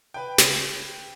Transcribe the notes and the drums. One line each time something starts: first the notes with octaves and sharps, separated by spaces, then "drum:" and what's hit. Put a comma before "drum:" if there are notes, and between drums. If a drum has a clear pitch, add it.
B4 G5
C#3 C4, drum: snare